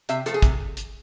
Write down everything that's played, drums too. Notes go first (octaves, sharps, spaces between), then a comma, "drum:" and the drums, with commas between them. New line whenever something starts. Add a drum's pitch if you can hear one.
C3 E5, drum: hi-hat
F3 A3 A4, drum: hi-hat
G#4
C3, drum: kick, hi-hat
drum: hi-hat